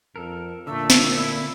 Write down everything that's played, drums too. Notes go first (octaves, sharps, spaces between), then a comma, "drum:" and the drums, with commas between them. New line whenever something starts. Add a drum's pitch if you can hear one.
F2 A4 A#4
A#2 D3 A3 D4 E6
drum: snare
E4